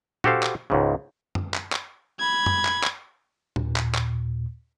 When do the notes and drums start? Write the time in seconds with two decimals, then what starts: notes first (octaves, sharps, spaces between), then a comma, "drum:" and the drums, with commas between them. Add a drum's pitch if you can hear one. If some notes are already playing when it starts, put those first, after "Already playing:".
0.24 F#4 G4 A4 C5 F5, drum: tom A#2
0.43 drum: clap
0.70 C#2 G#2 C#3
1.35 drum: tom F#2
1.54 drum: clap
1.72 drum: clap
2.20 B5 G#6
2.46 drum: tom F#2
2.65 drum: clap
2.83 drum: clap
3.56 D#2 A#2, drum: tom A#2
3.76 drum: clap
3.94 drum: clap